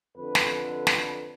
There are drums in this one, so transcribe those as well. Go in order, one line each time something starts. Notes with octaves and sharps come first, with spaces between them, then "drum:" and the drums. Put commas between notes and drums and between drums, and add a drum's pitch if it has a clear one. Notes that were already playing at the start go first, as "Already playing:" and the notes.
F2 D3 B4
drum: snare
drum: snare